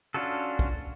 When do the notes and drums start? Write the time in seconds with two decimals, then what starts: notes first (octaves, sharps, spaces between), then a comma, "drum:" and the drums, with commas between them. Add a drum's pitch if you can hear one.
0.14 C#4 D4 F4 F#4 A4
0.59 drum: kick